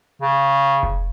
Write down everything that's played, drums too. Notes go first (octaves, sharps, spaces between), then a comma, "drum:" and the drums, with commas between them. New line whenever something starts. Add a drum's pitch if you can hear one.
C#3
drum: kick F1